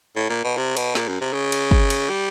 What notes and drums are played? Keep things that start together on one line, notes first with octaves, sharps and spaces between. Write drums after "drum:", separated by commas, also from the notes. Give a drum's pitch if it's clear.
A2
A#2
B2
C3
B2, drum: cymbal
A#2, drum: snare
F#2
C3
C#3
drum: cymbal
drum: kick
drum: cymbal
G3